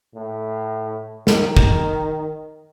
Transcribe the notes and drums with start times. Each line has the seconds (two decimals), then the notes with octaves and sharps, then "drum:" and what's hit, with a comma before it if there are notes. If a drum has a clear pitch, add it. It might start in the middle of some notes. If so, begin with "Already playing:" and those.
0.15 A2
1.27 D#3, drum: snare
1.57 drum: kick